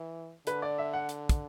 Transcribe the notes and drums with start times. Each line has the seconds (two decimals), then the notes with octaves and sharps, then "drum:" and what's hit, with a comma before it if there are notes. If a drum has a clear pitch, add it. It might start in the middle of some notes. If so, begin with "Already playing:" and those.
Already playing: E3
0.47 D3 B4, drum: hi-hat
0.62 D5
0.78 E5
0.93 F#5
1.09 drum: hi-hat
1.29 drum: kick, hi-hat